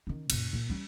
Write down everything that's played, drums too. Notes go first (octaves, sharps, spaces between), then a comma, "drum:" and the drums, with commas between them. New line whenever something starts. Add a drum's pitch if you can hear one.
D#3 C#4
F#2 A#2, drum: cymbal
A#2 A#3
G3 C#4